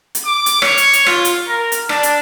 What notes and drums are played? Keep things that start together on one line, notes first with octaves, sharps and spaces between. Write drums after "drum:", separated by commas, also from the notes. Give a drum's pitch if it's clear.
drum: hi-hat
D6
drum: hi-hat
C#5, drum: rim click
drum: hi-hat
drum: hi-hat
F4, drum: rim click
drum: hi-hat
A#4
drum: hi-hat
D4, drum: rim click
drum: hi-hat